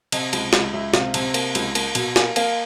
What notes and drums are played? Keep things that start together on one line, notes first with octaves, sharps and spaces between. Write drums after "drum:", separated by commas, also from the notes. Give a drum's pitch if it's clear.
C3 D#5, drum: cymbal
C#2, drum: cymbal
C#2, drum: snare
C#2 E5
C3 F5, drum: snare
C3, drum: cymbal
A#3, drum: cymbal
C#2, drum: cymbal
A#3, drum: cymbal
B2, drum: cymbal
A#3 G#5, drum: snare
A#3 F5, drum: cymbal